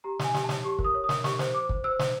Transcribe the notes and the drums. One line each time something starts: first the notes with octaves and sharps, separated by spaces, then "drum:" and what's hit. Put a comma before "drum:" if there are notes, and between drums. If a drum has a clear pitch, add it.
G4 A#5
G4 G#5, drum: snare
G4, drum: snare
A5
C#5, drum: snare
G4 C#6
A#4, drum: kick
D#6
C#5
D#6
A#4, drum: snare
G4 C#6, drum: snare
C5, drum: snare
C5 D6
C5, drum: kick
C5 E6
C5, drum: snare